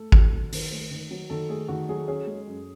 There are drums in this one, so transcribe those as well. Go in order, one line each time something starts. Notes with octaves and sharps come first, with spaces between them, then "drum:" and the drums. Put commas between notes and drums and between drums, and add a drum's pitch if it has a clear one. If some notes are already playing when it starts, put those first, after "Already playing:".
Already playing: A3 A4
D#3, drum: kick G#1
F#3
D#3, drum: open hi-hat
A3
D#3
F#3
D#3 A4
A3 G#4
D#3 F#4
F#3 G#4
C#4 G#4
G#3
F#2